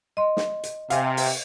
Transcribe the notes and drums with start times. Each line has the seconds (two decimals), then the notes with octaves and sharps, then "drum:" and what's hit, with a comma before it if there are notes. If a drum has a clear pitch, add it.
0.17 D#5 C6
0.37 drum: snare
0.63 drum: hi-hat
0.90 C3 F5 G#5, drum: hi-hat
1.17 drum: open hi-hat